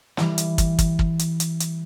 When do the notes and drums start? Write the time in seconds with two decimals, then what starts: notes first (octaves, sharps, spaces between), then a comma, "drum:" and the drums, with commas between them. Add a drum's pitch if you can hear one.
0.17 E3 G3, drum: snare
0.38 drum: hi-hat
0.58 drum: kick, hi-hat
0.79 drum: kick, hi-hat
0.99 drum: kick
1.19 drum: hi-hat
1.40 drum: hi-hat
1.60 drum: hi-hat